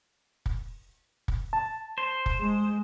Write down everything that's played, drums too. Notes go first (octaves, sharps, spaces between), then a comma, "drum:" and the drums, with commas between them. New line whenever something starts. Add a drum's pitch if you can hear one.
drum: kick
drum: kick
A5
C5
drum: kick
G#3